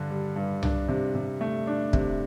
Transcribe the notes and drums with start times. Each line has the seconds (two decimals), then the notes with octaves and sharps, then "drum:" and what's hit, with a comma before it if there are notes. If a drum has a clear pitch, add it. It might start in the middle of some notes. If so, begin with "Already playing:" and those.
Already playing: G2 D3 D4
0.10 G3
0.36 G2
0.63 D4, drum: tom C2
0.88 C3
1.15 C3
1.41 A3
1.67 D4
1.93 C3, drum: kick